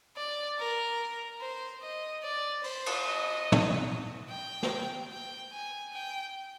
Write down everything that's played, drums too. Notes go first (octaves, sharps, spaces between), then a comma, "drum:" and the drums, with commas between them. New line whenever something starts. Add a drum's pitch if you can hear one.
D5
A#4
C5
D#5
D5
C5, drum: open hi-hat
drum: cymbal
D#5
drum: tom
G5
drum: snare
G5
G#5
G5